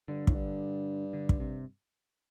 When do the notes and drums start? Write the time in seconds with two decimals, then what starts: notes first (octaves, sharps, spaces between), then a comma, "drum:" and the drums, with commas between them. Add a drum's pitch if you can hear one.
0.08 G2 D3
0.27 A2, drum: kick
0.34 G2
1.13 D3
1.29 drum: kick
1.40 C3